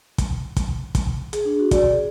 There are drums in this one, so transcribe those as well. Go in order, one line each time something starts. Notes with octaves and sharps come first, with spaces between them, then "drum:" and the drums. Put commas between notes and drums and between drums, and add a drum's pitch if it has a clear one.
drum: kick, hi-hat
drum: kick, hi-hat
drum: kick, hi-hat
G#4, drum: hi-hat
D4
F#4
D5, drum: kick, hi-hat
G#4